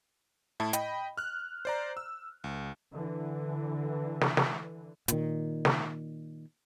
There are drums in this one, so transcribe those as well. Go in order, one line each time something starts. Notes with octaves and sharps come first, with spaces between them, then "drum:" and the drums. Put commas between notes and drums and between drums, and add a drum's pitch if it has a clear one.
A2 E4 A5
D#5 G5 B5, drum: hi-hat
F6 F#6
C5 D5 A#5
E6
C#2
D3 E3
drum: snare
drum: snare
A#2 D#3, drum: hi-hat
drum: snare